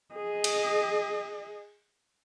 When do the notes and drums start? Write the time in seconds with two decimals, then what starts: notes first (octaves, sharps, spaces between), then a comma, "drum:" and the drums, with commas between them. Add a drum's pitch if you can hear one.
0.13 G#4 D#5
0.44 drum: cymbal